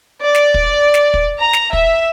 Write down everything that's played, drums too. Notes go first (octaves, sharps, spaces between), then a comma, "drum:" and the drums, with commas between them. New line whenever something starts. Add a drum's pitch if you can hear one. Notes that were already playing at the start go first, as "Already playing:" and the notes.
D5
drum: snare
drum: kick
drum: snare
drum: kick
A#5
drum: snare
E5, drum: kick